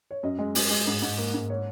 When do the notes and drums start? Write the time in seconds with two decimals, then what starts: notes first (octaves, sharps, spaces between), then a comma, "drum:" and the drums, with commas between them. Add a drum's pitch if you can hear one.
0.11 C#5
0.23 F#2 D#5
0.39 G#3
0.55 G#3, drum: open hi-hat
0.70 G#3
0.87 G#2
1.02 G#2
1.18 A#3
1.34 G#2
1.50 C#5